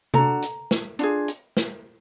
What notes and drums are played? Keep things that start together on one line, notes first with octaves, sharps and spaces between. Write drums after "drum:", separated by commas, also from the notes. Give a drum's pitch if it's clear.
D4 F#4 A4 A#5, drum: tom C3
drum: hi-hat
drum: snare
D4 F4 G#4, drum: hi-hat
drum: hi-hat
drum: snare